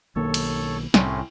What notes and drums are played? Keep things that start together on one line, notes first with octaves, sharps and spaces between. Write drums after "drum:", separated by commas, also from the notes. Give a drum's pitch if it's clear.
B1 D#3 A#3 A4 C#5
drum: cymbal
C2 A2 C4 C#4, drum: snare